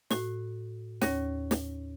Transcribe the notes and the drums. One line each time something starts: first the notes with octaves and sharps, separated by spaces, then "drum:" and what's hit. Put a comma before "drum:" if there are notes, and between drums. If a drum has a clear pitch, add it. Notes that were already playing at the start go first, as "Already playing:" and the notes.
A2 F#4, drum: snare
D#2 C#4 C#5 A#6, drum: snare
drum: snare